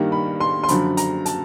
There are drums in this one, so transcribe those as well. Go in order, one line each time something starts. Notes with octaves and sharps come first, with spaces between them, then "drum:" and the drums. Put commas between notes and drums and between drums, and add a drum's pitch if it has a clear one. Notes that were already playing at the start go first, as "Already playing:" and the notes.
Already playing: G2 D#3 G3 A#3
B5
C6
C6
F#2 D3 F3 B5, drum: hi-hat
A#5, drum: hi-hat
A5, drum: hi-hat